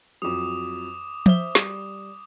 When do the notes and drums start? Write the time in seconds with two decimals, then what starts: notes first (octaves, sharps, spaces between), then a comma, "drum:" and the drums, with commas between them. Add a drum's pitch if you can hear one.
0.22 F2 F#3 D6 D#6
1.26 C5 E5 G7, drum: tom F3
1.55 G3, drum: snare